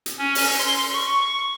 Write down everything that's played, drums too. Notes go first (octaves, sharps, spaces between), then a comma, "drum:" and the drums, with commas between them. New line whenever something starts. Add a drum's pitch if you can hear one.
drum: hi-hat
C#4
drum: open hi-hat
C6
C#6